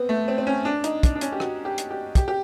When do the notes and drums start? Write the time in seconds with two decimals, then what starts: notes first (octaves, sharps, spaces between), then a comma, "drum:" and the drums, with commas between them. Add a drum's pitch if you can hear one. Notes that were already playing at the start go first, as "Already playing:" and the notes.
Already playing: B3 C4
0.09 A3
0.28 C4
0.38 C4
0.47 C#4
0.65 D4
0.84 D#4, drum: hi-hat
1.03 D4, drum: kick, hi-hat
1.15 D4
1.21 C#4, drum: hi-hat
1.32 G4
1.40 F#4, drum: rim click
1.65 G4
1.78 drum: hi-hat
1.90 G4
2.15 G4, drum: kick, hi-hat
2.28 G4